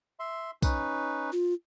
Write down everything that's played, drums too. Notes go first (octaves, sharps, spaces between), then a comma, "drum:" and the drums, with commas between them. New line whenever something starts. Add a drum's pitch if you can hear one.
E5 C6
C#4 D#4 B4, drum: kick, tambourine
F4